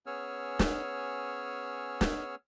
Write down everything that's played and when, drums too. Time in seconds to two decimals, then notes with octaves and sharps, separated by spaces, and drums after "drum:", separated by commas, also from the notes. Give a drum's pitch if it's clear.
0.06 B3 C#4 G#4 C#5 E6 F6
0.59 drum: snare
2.01 drum: snare